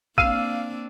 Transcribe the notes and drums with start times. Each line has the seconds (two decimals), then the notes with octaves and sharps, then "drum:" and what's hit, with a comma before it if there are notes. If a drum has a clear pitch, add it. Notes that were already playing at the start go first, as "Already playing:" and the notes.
0.18 A#3 C4 D4 F5 E6 D#7, drum: kick A#1